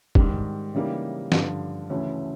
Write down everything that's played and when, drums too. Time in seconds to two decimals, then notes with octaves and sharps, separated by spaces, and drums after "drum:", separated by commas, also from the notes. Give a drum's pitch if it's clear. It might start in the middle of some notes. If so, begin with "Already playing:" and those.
0.15 G#2 D#3 G3, drum: kick
0.74 C#3 E3 G3 A#3 D#4
1.32 G2 D3 F3, drum: snare
1.89 D2 C#3 E3 A3 C#4